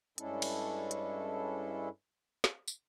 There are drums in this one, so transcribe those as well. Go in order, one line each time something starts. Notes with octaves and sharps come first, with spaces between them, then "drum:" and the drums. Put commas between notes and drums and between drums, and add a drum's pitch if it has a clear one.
G2 G#3 C#4 D4 E4 A4, drum: hi-hat
drum: cymbal
drum: hi-hat
drum: snare
drum: tambourine